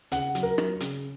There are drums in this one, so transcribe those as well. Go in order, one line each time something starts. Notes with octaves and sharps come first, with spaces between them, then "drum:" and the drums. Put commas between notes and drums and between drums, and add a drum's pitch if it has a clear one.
C#3 F#5, drum: hi-hat
F#3, drum: hi-hat
A#4
F#3, drum: rim click
C#3, drum: hi-hat